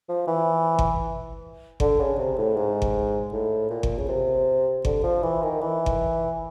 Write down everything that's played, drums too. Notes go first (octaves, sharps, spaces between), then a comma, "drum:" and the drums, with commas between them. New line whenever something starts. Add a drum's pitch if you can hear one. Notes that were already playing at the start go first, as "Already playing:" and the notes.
F3
E3
drum: kick G1
D3, drum: kick G1
C#3
C3
A2
G#2
drum: kick G1
A2
A#2
drum: kick G1
C#3
C3
D3, drum: kick G1
F3
E3
D#3
E3
drum: kick G1